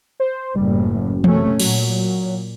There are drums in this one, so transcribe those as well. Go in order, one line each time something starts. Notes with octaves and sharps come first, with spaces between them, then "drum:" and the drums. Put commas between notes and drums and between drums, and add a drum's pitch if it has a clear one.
C5
F#1 A2 G3
F#2
C3 A3 C#4, drum: tom E3
A#2 F#3, drum: cymbal